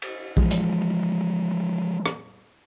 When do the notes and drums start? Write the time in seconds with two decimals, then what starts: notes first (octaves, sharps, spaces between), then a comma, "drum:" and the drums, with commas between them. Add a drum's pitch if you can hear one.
0.02 drum: cymbal
0.37 E3 F3 G#3, drum: kick A#1
0.51 drum: hi-hat
2.06 drum: rim click